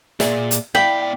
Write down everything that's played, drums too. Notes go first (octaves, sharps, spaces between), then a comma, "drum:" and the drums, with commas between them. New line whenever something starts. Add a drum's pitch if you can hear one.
A#2 G#4 D5 E5, drum: snare
drum: hi-hat
B2 E4 D5 F5 G5 B5